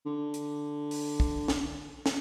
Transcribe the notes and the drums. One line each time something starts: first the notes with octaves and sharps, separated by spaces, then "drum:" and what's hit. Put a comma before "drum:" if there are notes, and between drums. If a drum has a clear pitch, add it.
D3
drum: hi-hat
drum: open hi-hat
drum: kick
drum: snare
drum: snare